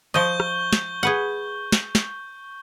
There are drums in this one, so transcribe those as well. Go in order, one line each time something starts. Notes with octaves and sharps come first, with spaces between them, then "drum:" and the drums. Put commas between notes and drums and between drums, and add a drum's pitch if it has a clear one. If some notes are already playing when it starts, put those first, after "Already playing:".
F3 D#5 C#6 G6 G7
drum: rim click
drum: snare
G#4 B4 F#5
drum: snare
drum: snare